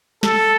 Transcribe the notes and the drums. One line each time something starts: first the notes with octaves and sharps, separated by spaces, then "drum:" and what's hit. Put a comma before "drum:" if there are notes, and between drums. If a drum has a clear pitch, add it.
A4, drum: snare